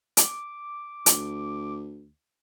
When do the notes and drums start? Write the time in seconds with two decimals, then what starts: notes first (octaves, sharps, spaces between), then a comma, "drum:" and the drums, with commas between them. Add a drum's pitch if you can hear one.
0.17 D6, drum: hi-hat
1.06 D2, drum: hi-hat